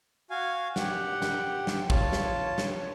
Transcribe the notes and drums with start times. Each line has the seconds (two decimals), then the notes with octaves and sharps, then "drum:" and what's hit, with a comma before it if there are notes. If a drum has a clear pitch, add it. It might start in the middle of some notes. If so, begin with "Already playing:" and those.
0.30 F#4 F5 G#5
0.76 G4 F#5, drum: snare
1.22 drum: snare
1.67 drum: snare
1.90 F4 C#5 A5, drum: kick
2.13 drum: snare
2.58 drum: snare